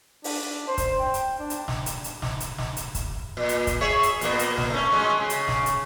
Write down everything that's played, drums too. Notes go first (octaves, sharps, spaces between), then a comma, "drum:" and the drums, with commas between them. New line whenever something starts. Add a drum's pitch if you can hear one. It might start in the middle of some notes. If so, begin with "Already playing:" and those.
D4, drum: open hi-hat
C5
drum: kick, hi-hat
G5
drum: hi-hat
D4
drum: hi-hat
drum: snare
drum: hi-hat
drum: hi-hat
drum: snare
drum: hi-hat
drum: snare
drum: hi-hat
drum: kick, hi-hat
A#2
drum: hi-hat
drum: kick, hi-hat
G#4 C#5 E5
drum: hi-hat
A#2 A#3 B3, drum: hi-hat
drum: hi-hat
drum: snare
A3 C#4
F#3 G#3 C#4
C#3
drum: hi-hat
drum: snare
drum: hi-hat